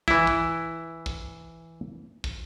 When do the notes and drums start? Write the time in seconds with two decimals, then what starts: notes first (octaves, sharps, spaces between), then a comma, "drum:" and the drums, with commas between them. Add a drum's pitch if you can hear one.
0.08 E3 E4, drum: kick
0.27 drum: kick
1.06 drum: kick
2.24 drum: kick